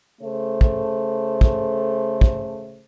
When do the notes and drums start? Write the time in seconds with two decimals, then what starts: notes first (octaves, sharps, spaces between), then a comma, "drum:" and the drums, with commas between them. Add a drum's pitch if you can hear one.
0.21 C#3 A3 A4 C5
0.61 drum: kick
1.41 drum: kick
2.21 drum: kick